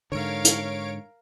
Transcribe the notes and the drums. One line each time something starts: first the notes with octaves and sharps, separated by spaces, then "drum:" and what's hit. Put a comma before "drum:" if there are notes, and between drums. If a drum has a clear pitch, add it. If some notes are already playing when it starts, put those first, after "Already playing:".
G#2 D3 A#4 C#5 F5 D7
drum: hi-hat